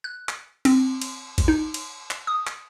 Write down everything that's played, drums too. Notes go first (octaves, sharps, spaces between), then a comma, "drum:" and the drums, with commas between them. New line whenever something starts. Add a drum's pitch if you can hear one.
F#6
drum: clap
C4, drum: cymbal
drum: cymbal
drum: kick A1, cymbal
D#4
drum: cymbal
drum: clap
D#6
drum: clap